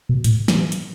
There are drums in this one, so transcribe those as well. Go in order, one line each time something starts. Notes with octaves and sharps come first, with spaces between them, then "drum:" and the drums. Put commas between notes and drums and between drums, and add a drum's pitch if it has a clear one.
B2
A2, drum: hi-hat
drum: snare
drum: hi-hat